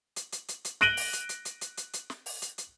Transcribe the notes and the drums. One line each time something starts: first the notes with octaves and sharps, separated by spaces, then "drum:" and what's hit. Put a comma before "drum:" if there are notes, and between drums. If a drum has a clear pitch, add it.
drum: hi-hat
drum: hi-hat
drum: hi-hat
drum: hi-hat
F#6 A#6 D7 D#7 F#7 G7, drum: snare
drum: open hi-hat
drum: hi-hat
drum: hi-hat
drum: hi-hat
drum: hi-hat
drum: hi-hat
drum: hi-hat
drum: snare
drum: open hi-hat
drum: hi-hat
drum: hi-hat